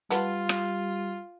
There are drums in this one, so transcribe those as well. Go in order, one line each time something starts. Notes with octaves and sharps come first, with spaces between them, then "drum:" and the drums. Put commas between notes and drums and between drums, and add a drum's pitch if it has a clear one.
G3 F4 B4 F#5 A5, drum: hi-hat
drum: rim click